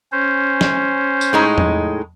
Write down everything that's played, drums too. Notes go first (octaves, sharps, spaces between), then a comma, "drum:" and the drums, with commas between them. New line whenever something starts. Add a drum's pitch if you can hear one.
C#4 C5
drum: snare
drum: tambourine
A2 G#3 D#4
drum: tom